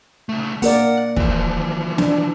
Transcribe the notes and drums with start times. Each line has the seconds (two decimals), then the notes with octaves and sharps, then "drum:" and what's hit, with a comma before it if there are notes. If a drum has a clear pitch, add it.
0.29 C#3 A3
0.62 A#3 A#4 D5 F#5, drum: open hi-hat
1.16 E3 F3, drum: kick
1.98 D4, drum: snare